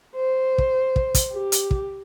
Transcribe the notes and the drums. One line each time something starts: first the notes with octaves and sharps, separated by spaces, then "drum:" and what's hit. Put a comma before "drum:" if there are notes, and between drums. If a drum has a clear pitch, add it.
C5
drum: kick
drum: kick
drum: kick, hi-hat
G4
drum: hi-hat
drum: kick